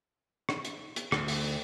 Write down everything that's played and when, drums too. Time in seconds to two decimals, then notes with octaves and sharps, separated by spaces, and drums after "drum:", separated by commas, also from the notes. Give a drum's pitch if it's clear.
0.49 drum: rim click
0.65 drum: hi-hat
0.96 drum: hi-hat
1.12 D2, drum: rim click
1.28 drum: open hi-hat